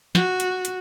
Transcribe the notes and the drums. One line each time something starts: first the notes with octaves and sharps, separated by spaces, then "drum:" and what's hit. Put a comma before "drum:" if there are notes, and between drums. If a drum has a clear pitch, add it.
F#4, drum: snare
drum: hi-hat
drum: hi-hat